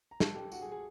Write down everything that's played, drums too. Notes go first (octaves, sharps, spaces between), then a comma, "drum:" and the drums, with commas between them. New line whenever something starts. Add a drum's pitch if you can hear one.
A#5
A4 A5, drum: snare
G4 G5
F#4 F#5, drum: tambourine
G#4 G#5
G#4 G#5